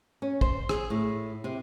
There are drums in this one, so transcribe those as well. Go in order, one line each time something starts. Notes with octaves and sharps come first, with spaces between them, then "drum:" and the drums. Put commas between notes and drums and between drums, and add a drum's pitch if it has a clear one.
C#4
C5, drum: kick
G#4, drum: rim click
A2
C3